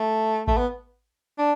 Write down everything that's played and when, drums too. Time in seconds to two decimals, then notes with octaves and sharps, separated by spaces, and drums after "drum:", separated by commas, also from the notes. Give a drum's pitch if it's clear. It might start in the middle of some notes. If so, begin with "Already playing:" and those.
Already playing: A3
0.47 A3, drum: kick A1
0.57 B3
1.38 D4